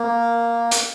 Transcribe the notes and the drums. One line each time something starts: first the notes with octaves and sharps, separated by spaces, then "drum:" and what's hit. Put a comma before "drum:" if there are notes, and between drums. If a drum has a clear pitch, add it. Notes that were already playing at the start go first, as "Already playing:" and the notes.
Already playing: A#3
drum: hi-hat